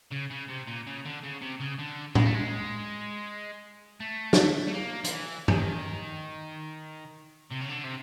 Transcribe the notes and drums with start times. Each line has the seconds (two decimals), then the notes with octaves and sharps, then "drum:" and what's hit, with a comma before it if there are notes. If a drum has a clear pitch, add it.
0.12 C#3
0.31 C#3
0.49 C3
0.68 A#2
0.87 C#3
1.05 D3
1.23 C#3
1.41 C3
1.60 C#3
1.79 D3
2.15 G#3, drum: tom A2
2.25 A3
2.35 G#3
4.00 A3
4.33 drum: snare
4.68 A3
4.73 A#3
5.04 F3, drum: hi-hat
5.11 E3
5.48 D#3, drum: tom G2
7.51 C3
7.61 C#3
7.69 D3
7.84 C3